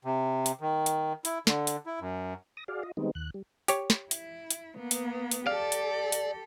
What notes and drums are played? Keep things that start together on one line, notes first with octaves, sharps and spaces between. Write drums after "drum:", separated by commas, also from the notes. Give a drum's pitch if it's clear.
C3
drum: hi-hat
D#3
drum: hi-hat
E4, drum: hi-hat
D3, drum: snare
drum: hi-hat
E4
F#2
D#6 A#6
F#4 G#4 D5 F5
F4 D#5
D#3 G3 G#3 B3 C4 D#4
D#2 F#6
G3
G4 C#5, drum: hi-hat
drum: snare
E4, drum: hi-hat
drum: hi-hat
A#3 B3
drum: hi-hat
drum: hi-hat
G4 A4 D5 F5
drum: hi-hat
drum: hi-hat